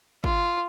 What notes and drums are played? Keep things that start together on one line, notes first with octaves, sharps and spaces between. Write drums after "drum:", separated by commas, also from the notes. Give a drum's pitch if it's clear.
F4, drum: kick